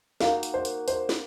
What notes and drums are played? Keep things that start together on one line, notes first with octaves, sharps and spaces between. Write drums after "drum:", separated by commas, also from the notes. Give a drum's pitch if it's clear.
A#3 D#4 F#4 A#4 F5, drum: snare
drum: hi-hat
C5
drum: hi-hat
C5, drum: hi-hat
drum: snare